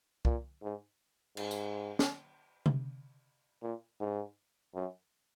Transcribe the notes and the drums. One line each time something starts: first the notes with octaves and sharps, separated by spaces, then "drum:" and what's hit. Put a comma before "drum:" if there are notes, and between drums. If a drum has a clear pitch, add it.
A#2, drum: kick
G#2
G#2, drum: cymbal
drum: tambourine
drum: snare
drum: tom C3
A#2
G#2
F#2